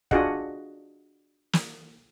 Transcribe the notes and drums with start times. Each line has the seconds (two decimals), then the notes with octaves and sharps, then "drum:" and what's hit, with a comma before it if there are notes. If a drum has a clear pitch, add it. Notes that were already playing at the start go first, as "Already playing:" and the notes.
0.11 D4 F4 F#4 G#4 D#5 F#5, drum: kick
1.53 drum: snare